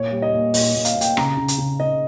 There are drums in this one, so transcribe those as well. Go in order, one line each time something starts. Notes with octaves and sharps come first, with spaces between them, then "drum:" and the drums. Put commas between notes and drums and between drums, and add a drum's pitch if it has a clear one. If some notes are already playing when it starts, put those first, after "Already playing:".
Already playing: A#2 C#5
G3
D#5
A#2
A#2 D#5, drum: open hi-hat
A#2
F5, drum: hi-hat
A#2
G5, drum: hi-hat
C#3 A#5, drum: rim click
C#3
drum: hi-hat
C#3
C#3 D#5